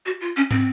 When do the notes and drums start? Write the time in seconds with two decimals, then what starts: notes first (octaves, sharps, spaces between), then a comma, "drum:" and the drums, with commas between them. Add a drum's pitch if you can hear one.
0.06 F#4
0.21 F4
0.36 C#4
0.51 C4, drum: tom